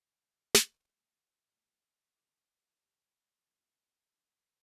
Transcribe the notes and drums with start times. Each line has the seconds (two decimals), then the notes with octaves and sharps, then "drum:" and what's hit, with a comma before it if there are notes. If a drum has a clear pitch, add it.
0.21 C3 F3 G#3 G6
0.55 drum: snare
0.86 A#2 F3 G#3
1.51 A#2 F3 G#3 F6
2.16 C3 D#3 G3 D6
2.82 C3 G3
3.47 C3 F3 G#3
4.12 D3 G3 D#6